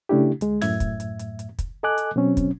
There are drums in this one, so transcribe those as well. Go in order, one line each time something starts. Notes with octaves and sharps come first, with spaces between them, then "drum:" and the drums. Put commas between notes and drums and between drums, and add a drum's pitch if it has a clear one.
C#3 A3 D4 E4 G4
D2 G#3, drum: hi-hat
F#2 A2 E5 G#6, drum: snare
drum: kick, hi-hat
drum: hi-hat
drum: hi-hat
drum: hi-hat
drum: kick, hi-hat
A4 D#5 G#5 D6 F#6
drum: hi-hat
B2 F#3 C4 C#4
drum: kick, hi-hat